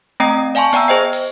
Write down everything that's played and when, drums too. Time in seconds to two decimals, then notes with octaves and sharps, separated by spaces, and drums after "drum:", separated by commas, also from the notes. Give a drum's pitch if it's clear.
0.20 A3 C4 D#5 G5 A#5 D#6
0.55 D5 F5 G#5 A5 C6 C#6
0.73 B3 D5 G5 A#5 E6, drum: hi-hat
0.88 G#4 C5 D#5 G5
1.13 drum: open hi-hat